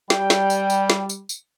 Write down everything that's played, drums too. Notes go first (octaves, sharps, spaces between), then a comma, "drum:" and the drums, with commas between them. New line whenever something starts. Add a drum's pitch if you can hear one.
G3 G5, drum: snare
drum: snare
drum: tambourine
drum: tambourine
drum: snare
drum: tambourine
drum: tambourine